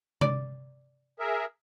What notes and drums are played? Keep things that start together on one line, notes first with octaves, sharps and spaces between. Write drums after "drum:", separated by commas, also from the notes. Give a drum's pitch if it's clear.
D5, drum: tom C3
G#4 A#4 E5